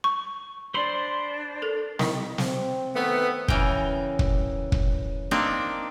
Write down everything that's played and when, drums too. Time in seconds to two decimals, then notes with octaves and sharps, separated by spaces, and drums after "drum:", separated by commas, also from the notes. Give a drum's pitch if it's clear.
0.04 C#6
0.74 D4 C5 D5 B5 C6
1.62 A4 A#4
1.99 D#3 D#4 E4 A4 D#5 B5 C#6, drum: snare
2.38 C4, drum: snare
2.94 D#3 A3 B3
3.48 C#3 E3 A#4 G5, drum: kick
4.19 drum: kick
4.72 drum: kick
5.31 A#3 C4 D4 D#4